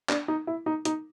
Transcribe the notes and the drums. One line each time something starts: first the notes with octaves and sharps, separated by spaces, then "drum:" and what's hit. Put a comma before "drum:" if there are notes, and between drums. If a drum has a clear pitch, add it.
D4, drum: clap
D#4
E4
D#4
D#4, drum: hi-hat